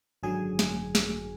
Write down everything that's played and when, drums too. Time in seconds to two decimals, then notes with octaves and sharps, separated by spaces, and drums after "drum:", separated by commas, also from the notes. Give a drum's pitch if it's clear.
0.23 G#1 F#2 D3 F#3 G#4 G#5
0.59 drum: snare
0.95 drum: snare